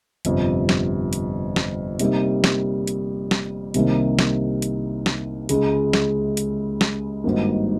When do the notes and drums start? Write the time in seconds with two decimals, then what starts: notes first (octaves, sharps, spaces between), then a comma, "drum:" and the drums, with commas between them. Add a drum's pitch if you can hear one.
0.25 G1 F2 C3, drum: hi-hat
0.69 drum: snare
1.13 drum: hi-hat
1.56 drum: snare
1.99 C3 G3 A#3 D#4, drum: hi-hat
2.44 drum: snare
2.87 drum: hi-hat
3.31 drum: snare
3.74 C2 C3 D#3 A#3, drum: hi-hat
4.19 drum: snare
4.62 drum: hi-hat
5.06 drum: snare
5.49 C#2 C#3 G#3, drum: hi-hat
5.93 drum: snare
6.37 drum: hi-hat
6.81 drum: snare
7.24 G#1 G2 D#3 A#3